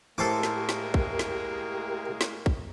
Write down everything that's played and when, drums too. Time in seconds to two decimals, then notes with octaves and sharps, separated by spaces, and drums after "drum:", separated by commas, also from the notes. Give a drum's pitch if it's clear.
0.18 A2 G#3 A#3 G4 A4 A#4 C5 D6
0.43 drum: snare
0.69 drum: snare
0.94 drum: kick
1.19 drum: snare
2.21 drum: snare
2.46 drum: kick